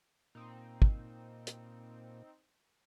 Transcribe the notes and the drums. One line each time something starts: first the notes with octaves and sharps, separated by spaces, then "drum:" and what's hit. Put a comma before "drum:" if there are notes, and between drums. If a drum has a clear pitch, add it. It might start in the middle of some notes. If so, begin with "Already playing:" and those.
A#2 C4 D#4
drum: kick
drum: hi-hat